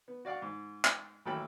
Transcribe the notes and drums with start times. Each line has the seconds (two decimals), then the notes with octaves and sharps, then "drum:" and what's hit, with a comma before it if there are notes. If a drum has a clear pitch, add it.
0.08 B3
0.25 F#4 D5 F5 F#5 D6
0.42 G#2
0.85 drum: clap
1.25 A1 D#2 F#3 A4 G5 B5